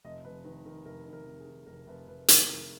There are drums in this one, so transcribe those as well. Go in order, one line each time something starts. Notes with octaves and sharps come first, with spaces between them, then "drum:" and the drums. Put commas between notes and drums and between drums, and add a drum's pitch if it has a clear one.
F1 D#5
F1 B4
D#3 B4
D#3 A#4
F1 A#4
D#3
A#4
F1
G#4
D#3
F1 A#4
F1 B4
F1 B4
D#3 A#4, drum: hi-hat
A#4
F1 G#4